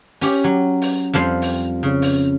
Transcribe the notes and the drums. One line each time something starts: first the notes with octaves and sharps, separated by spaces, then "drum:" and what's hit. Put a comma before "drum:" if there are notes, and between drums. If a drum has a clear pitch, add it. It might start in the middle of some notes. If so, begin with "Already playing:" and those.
C#4 G4, drum: open hi-hat
F#3
drum: open hi-hat
F2 F3 G3 C5
drum: open hi-hat
C#3
drum: open hi-hat